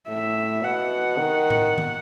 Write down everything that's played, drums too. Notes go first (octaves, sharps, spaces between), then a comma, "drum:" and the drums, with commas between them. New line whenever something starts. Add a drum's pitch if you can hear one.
A2 E5
B2 F#5
D#3
drum: tom A2
drum: tom D#3